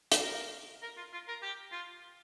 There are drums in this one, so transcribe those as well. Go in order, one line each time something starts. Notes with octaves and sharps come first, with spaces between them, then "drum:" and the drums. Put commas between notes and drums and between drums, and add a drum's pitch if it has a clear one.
drum: hi-hat
A#4
A#4
F4
F4
A#4
G4
F4